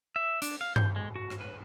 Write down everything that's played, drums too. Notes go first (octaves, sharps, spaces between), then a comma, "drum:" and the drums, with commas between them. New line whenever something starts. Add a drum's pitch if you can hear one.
E5
D4, drum: hi-hat
F5
G6, drum: tom G2
G#3
F#4
drum: rim click
B4